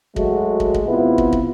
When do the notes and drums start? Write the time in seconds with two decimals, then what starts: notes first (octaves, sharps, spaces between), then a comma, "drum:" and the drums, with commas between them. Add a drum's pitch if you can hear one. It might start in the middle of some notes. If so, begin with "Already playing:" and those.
0.16 F#3 G#3 A3 F#4, drum: kick
0.60 drum: kick
0.74 drum: kick
0.87 C3 B3 E4 F4
1.18 drum: kick
1.32 drum: kick